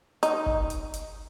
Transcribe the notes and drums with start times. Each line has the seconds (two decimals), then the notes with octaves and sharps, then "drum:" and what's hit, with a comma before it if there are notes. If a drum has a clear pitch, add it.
0.23 D#4, drum: hi-hat
0.46 drum: kick
0.70 drum: hi-hat
0.94 drum: hi-hat